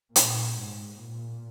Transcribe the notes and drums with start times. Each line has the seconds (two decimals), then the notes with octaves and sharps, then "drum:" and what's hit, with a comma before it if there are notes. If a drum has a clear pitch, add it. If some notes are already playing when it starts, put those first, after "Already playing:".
0.16 A#2, drum: hi-hat
0.58 G#2
1.00 A#2